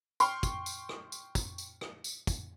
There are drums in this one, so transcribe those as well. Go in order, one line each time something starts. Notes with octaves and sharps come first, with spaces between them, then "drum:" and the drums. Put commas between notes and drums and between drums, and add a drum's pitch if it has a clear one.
G5 C6 C#6 F6, drum: tambourine
drum: kick, tambourine
drum: tambourine
drum: rim click
drum: tambourine
drum: kick, tambourine
drum: tambourine
drum: rim click
drum: tambourine
drum: kick, tambourine